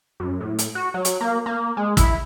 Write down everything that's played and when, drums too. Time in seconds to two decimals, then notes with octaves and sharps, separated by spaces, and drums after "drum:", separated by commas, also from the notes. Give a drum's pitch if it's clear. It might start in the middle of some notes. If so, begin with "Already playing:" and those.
0.20 F#2
0.41 A2
0.59 drum: hi-hat
0.75 F#4
0.94 F#3
1.05 drum: hi-hat
1.21 A#3
1.46 A#3
1.77 G#3
1.97 E4, drum: kick, hi-hat